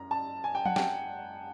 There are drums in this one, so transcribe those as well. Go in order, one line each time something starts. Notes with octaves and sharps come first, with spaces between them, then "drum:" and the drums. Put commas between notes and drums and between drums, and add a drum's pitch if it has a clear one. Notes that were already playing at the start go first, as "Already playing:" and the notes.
Already playing: F#2 A#5
A5
G#5
G5
F#5, drum: tom F3
G5, drum: snare